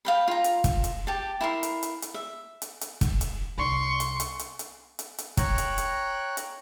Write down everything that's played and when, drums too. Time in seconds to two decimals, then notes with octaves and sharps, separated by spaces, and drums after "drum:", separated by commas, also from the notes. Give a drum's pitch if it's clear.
0.05 F5 G5 B5
0.28 F4 A#5
0.44 drum: hi-hat
0.64 drum: kick, hi-hat
0.84 drum: hi-hat
1.07 G4 A5
1.41 E4 A#4 C6
1.63 drum: hi-hat
1.83 drum: hi-hat
2.02 drum: hi-hat
2.14 E5
2.62 drum: hi-hat
2.81 drum: hi-hat
3.01 drum: kick, hi-hat
3.21 drum: hi-hat
3.58 C2 C6 C#6
4.00 drum: hi-hat
4.20 drum: hi-hat
4.39 drum: hi-hat
4.59 drum: hi-hat
4.99 drum: hi-hat
5.18 drum: hi-hat
5.37 C#5 G5 A#5 F#6, drum: kick, hi-hat
5.58 drum: hi-hat
5.78 drum: hi-hat
6.37 drum: hi-hat